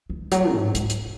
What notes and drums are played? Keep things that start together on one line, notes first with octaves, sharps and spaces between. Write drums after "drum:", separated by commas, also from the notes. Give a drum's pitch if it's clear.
D#3
F#3, drum: hi-hat
G#2
G#2, drum: hi-hat
drum: hi-hat